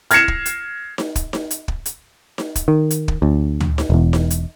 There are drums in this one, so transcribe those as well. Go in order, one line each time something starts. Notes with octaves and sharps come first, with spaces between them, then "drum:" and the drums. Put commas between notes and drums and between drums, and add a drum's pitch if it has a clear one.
F6 G#6 A#6 C7 C#7 E7, drum: hi-hat
drum: kick
drum: hi-hat
drum: snare D#4
drum: kick, hi-hat
drum: snare D#4
drum: hi-hat
drum: kick
drum: hi-hat
drum: snare D#4
drum: kick, hi-hat
D#3
drum: hi-hat
drum: kick
D2
drum: tom D2
drum: snare D#4
E1 E2
drum: snare D#4
drum: hi-hat